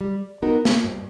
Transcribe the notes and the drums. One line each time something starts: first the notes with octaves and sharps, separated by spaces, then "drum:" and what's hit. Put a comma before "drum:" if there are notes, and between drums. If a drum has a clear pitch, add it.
G3
B3 D#4 F#4 A#4
drum: snare
G2